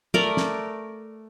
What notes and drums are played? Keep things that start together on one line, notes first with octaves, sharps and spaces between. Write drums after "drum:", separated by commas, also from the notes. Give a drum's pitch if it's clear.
A3 A#4 D5, drum: tom
drum: snare